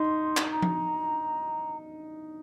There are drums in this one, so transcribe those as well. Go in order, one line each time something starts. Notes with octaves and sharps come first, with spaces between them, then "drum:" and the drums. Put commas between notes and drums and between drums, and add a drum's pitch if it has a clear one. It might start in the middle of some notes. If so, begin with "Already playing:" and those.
Already playing: D#4 C6
drum: clap
A#5
drum: tom F3